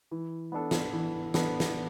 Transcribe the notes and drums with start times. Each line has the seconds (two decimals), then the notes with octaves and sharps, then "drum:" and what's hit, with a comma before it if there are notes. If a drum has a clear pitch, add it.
0.11 E3
0.52 B3 D4 A4
0.71 drum: snare
0.93 E3
1.34 B3 D4 A4, drum: snare
1.60 drum: snare